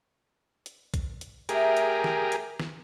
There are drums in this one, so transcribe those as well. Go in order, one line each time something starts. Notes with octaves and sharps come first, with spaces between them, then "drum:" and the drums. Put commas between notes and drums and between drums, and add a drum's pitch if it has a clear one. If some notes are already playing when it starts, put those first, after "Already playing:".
drum: hi-hat
drum: kick, hi-hat
drum: hi-hat
A3 G4 G#4 A#4 E5 A#5, drum: hi-hat
drum: hi-hat
drum: snare
drum: hi-hat
drum: snare